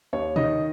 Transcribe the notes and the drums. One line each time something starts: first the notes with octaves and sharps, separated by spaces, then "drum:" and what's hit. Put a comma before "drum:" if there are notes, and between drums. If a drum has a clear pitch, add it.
D#2 C#5
D#3 D#5, drum: tom